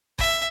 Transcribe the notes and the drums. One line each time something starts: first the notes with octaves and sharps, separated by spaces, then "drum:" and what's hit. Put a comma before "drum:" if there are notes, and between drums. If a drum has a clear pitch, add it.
E5, drum: kick G1